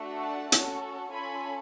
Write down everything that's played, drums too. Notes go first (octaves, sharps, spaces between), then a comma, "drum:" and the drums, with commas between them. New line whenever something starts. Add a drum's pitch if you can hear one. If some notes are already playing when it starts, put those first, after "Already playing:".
Already playing: A3 D4 F#4 A4
F#5 A5
C#4 F#4 A4, drum: hi-hat
C#4 F4 A4 G#5 B5